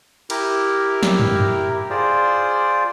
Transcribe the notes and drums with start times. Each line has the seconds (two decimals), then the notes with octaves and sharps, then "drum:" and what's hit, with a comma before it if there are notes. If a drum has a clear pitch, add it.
0.30 E4 G4 A#4, drum: cymbal
1.03 drum: snare
1.20 drum: tom
1.90 F4 G#4 C5 D5